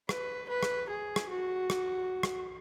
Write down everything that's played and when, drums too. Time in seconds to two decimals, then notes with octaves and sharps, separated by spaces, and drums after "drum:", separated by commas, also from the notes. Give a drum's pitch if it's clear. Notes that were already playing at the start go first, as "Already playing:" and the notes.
0.09 B4, drum: rim click
0.49 B4
0.63 drum: rim click
0.90 G#4
1.16 drum: rim click
1.30 F#4
1.70 drum: rim click
2.23 drum: rim click